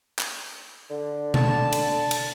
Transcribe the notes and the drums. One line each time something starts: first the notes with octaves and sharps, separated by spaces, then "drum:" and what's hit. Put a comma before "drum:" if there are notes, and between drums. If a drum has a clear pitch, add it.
drum: clap
D3
A5, drum: tom B2
drum: cymbal
drum: cymbal